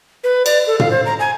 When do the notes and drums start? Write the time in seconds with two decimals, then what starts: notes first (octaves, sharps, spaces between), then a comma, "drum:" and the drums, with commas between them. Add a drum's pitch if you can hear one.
0.24 B4
0.46 D5, drum: cymbal
0.67 A4
0.80 F5, drum: tom
0.91 C5
1.06 A#5
1.19 G#5